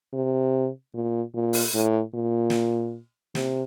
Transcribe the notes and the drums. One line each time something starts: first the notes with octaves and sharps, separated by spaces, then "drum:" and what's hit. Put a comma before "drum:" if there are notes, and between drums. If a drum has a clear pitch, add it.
C3
A#2
A#2
drum: open hi-hat
A2
A#2
drum: snare
C3, drum: snare